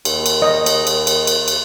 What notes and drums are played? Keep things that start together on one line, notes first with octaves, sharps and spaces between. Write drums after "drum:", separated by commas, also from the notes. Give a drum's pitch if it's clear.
D#2, drum: cymbal
drum: cymbal
D#5
drum: cymbal
drum: cymbal
drum: cymbal
drum: cymbal
drum: cymbal